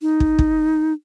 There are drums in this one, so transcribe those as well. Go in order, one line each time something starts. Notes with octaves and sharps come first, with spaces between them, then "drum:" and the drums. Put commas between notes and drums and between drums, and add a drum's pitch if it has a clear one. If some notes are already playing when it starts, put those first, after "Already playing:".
D#4
drum: kick
drum: kick